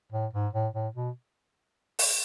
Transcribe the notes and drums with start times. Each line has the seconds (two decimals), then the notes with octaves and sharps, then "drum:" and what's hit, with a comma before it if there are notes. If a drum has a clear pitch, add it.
0.12 A2
0.34 G#2
0.53 A2
0.74 A2
0.95 B2
1.99 drum: open hi-hat